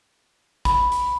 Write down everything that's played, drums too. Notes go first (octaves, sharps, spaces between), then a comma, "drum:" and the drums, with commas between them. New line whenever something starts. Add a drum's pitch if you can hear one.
B5, drum: kick G#1, hi-hat
drum: hi-hat